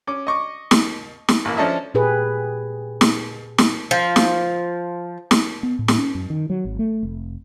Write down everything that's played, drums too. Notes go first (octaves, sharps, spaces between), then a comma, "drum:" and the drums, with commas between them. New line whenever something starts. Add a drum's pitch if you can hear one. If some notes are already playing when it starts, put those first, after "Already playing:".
C#4 D6
D#5 C#6 D6
drum: snare
drum: snare
A1 A#3 E4
F3 C#4 D4 A4 D#5 E5
A#2 G4 G#4 B4
drum: snare
drum: snare
F3
drum: snare
drum: snare
B3
A2
drum: snare
C#4
F#2
D#3
F#3
G#1
A3
F1